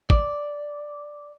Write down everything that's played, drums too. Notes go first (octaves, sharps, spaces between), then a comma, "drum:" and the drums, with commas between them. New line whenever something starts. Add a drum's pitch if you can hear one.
D5, drum: kick